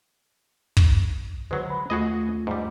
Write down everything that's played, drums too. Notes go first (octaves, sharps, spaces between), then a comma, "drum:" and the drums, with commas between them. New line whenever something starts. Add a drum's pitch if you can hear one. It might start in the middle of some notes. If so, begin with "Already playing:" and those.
drum: kick
D3 F#3 G#3 B4 C5
B5
D#2 A3 F4 F#4 G#4 D#5
G#2 G3